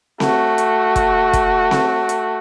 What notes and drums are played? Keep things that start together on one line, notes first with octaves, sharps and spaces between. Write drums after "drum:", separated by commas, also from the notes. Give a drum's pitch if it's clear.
A3 F#4, drum: snare C4
drum: hi-hat
drum: kick, hi-hat
drum: kick, hi-hat
drum: snare C4
drum: hi-hat